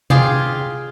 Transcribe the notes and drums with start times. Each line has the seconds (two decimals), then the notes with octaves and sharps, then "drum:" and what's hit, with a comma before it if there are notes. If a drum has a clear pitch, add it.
0.10 F4 G4 G#4 F5 G5, drum: tom C3